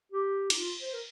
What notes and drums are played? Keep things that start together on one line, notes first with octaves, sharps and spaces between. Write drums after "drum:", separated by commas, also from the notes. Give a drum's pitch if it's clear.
G4
D#4, drum: cymbal
F4
C5
A#4